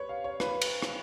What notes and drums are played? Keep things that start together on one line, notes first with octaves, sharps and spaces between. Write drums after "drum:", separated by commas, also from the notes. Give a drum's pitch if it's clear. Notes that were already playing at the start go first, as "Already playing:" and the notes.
Already playing: B4 C#5
F5
C#5
B4, drum: rim click
drum: cymbal
drum: rim click